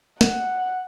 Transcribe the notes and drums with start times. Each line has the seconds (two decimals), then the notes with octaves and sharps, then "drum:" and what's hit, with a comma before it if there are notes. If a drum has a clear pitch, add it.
0.21 F#5, drum: snare